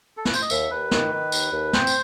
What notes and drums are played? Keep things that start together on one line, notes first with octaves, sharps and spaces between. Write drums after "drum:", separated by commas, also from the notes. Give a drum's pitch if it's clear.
A4
B4, drum: snare
C5, drum: tambourine
D#5
D#2 E5, drum: tambourine
D#2 B4
D#3, drum: snare
D#3
D#2, drum: tambourine
D#2
C4 C5, drum: snare
drum: tambourine